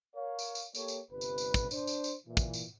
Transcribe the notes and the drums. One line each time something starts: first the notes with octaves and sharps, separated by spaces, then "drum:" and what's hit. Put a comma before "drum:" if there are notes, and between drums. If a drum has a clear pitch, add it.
A#4 C#5 F5
drum: tambourine
drum: tambourine
A#3 G4 A4 C#5, drum: tambourine
drum: tambourine
G1 C3 G3 B4
drum: tambourine
drum: tambourine
drum: kick, tambourine
D4 C5, drum: tambourine
drum: tambourine
drum: tambourine
A#2 E3
drum: kick, tambourine
drum: tambourine